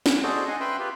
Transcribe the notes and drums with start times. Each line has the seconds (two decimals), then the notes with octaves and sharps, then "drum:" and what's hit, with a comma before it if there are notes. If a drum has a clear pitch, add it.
0.06 drum: snare
0.23 F#4 G#4 A4 C5 D5 D#5
0.48 D#5 F#5 G#5 C6
0.61 B4 E5 G5 B5 C6
0.79 F4 G4 B4